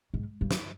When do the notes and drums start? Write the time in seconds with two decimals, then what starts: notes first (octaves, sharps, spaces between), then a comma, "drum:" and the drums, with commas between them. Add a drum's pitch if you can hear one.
0.14 G#2
0.41 G2
0.51 drum: snare